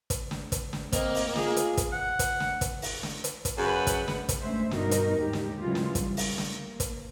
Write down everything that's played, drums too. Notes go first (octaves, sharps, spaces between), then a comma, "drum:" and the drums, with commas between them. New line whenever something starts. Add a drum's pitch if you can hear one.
drum: kick, hi-hat
drum: snare
drum: kick, hi-hat
drum: snare
A#3 C4 D#5, drum: kick, hi-hat
drum: open hi-hat
F4 G#4, drum: snare
drum: hi-hat
drum: kick, hi-hat
F#5
drum: kick, hi-hat
drum: snare
drum: kick, hi-hat
drum: open hi-hat
drum: snare
drum: hi-hat
drum: kick, hi-hat
F#2 C#3 B4 F#5
drum: kick, hi-hat
drum: snare
drum: kick, hi-hat
D2 G#3 C#4 C5 E5
G2 B2 D#4 F#4 A#4, drum: snare
drum: hi-hat
D#2 G#2 G4
drum: snare
C#3 E3 F#3 G#3 F4
drum: snare
G3, drum: kick, hi-hat
drum: open hi-hat
drum: snare
A#3
drum: kick, hi-hat